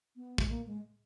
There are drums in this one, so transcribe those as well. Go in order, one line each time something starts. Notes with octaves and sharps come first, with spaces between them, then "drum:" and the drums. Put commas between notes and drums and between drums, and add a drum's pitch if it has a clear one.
B3
G#3, drum: kick
A#3
G#3